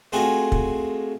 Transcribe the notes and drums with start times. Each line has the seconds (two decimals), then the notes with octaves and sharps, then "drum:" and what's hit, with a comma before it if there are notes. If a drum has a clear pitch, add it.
0.12 G#3 A3 C4 F4 F#4 G#4
0.52 drum: kick